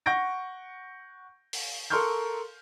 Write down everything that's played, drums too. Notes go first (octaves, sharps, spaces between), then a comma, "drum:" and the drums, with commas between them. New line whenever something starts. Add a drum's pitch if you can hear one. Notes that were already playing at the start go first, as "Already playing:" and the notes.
F#5 C#6 G6 A#6 D7
drum: open hi-hat
A4 A#4 C6 C#6 F6 G6